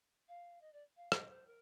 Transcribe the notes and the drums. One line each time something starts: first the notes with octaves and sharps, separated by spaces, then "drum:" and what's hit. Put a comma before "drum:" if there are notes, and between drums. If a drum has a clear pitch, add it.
F5
D#5
D5
F5
D#5, drum: rim click
C5
A#4